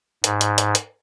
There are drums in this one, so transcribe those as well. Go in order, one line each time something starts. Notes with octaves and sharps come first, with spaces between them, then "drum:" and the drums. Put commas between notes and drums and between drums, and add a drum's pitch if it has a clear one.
G#2, drum: hi-hat
drum: hi-hat
drum: hi-hat
drum: hi-hat